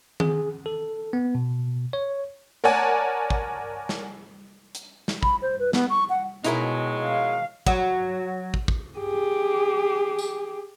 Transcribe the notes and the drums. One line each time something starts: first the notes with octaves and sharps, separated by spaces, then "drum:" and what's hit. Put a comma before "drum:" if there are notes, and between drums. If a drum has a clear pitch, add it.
G#4, drum: tom D#3
A4
B3
B2
C#5
A#4 C#5 D5 F#5 G#5 A5
drum: kick
drum: snare
drum: hi-hat
drum: snare
B5, drum: kick
C5
B4
B3, drum: snare
C#6
F#5
B2 D#3 F#3 G#3 D#4 E4 A#4, drum: hi-hat
F5
F#3, drum: kick
drum: kick
drum: kick
G4 G#4
drum: tambourine